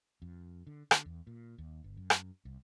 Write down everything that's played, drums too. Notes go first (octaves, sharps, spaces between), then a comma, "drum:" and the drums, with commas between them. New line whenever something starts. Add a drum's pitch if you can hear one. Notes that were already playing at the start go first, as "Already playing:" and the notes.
F2
D3
D3, drum: rim click
E2
A#2
D#2
G1
F#2
drum: rim click
C2